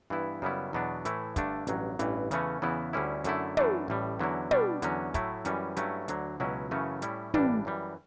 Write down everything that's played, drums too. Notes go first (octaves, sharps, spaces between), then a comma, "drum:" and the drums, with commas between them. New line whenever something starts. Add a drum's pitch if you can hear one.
G2 E3 B3 E4
F#2 C#3 G3 B3 E4
E2 B2 F#3 B3 D4
A2 E3 A3 E4, drum: hi-hat
G2 D3 A3 D4, drum: kick, hi-hat
A1 G2 F#3, drum: hi-hat
A1 G2 E3, drum: hi-hat
E2 C#3 E3 A3 C#4, drum: hi-hat
E2 C#3 E3 B3 E4
D2 D3 G3 C#4 E4
F#2 D3 A3 E4, drum: hi-hat
F#2 E3 A3 D4, drum: tom
A1 A2 G3
E2 D3 F#3 C#4 E4
B2 G3 D4, drum: tom
E2 D3 F#3 C#4, drum: hi-hat
A2 F#3 A3 E4, drum: kick, hi-hat
F#2 E3 G3 C#4, drum: hi-hat
G2 F#3 A3 C#4 E4, drum: hi-hat
D2 D3 F#3, drum: hi-hat
C#2 B2 F#3 C#4 E4
F#2 C#3 E3 A3 C#4
A2 G3 C#4 E4, drum: hi-hat
A1 G2 E3 G3 D4, drum: tom
F#2 E3 G3